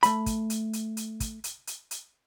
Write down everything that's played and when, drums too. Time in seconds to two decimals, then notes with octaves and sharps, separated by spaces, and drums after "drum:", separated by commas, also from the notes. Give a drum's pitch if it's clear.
0.03 A3 B5, drum: hi-hat
0.26 drum: kick, hi-hat
0.50 drum: hi-hat
0.73 drum: hi-hat
0.97 drum: hi-hat
1.20 drum: kick, hi-hat
1.44 drum: hi-hat
1.67 drum: hi-hat
1.91 drum: hi-hat